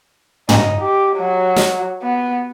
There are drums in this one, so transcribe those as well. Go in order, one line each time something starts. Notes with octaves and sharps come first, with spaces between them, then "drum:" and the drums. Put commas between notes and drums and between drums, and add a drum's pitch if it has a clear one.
D#4, drum: tom
G4
F#3
drum: snare
B3